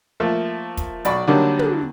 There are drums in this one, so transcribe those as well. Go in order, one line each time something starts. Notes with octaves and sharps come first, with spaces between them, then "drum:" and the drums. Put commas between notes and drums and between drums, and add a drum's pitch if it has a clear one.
F3 A3 A#3
drum: kick, hi-hat
B1 D5 B5 C#6, drum: hi-hat
D3 D#3 F#3 G3 A#3 D4
drum: tom